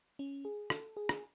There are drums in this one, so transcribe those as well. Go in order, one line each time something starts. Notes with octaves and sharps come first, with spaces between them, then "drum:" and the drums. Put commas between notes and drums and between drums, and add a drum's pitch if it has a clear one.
C#4
G#4
A4, drum: rim click
G#4
drum: rim click